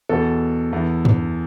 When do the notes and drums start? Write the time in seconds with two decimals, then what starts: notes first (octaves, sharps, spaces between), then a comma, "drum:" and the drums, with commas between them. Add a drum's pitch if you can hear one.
0.09 E2 B2 A4
0.73 E2 E3
1.05 drum: tom